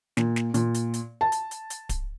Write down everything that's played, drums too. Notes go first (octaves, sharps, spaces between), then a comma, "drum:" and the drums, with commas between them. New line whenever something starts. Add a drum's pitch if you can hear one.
A#2, drum: snare
drum: snare
A#2, drum: hi-hat
drum: hi-hat
drum: hi-hat
A5
drum: hi-hat
drum: hi-hat
drum: hi-hat
drum: kick D1, hi-hat